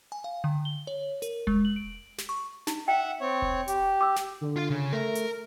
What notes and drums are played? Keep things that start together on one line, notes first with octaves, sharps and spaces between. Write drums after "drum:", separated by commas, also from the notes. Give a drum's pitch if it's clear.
G#5
F5
D3
G7
C#5
A#4, drum: hi-hat
G#3, drum: kick E1
F#7
D7
drum: snare
C#6
D#4, drum: snare
E5 F#5 G5
C4 C#5
drum: kick E1
G4, drum: hi-hat
D6 E6
drum: snare
D3
F4 F5
C#3
A3 A#4
drum: hi-hat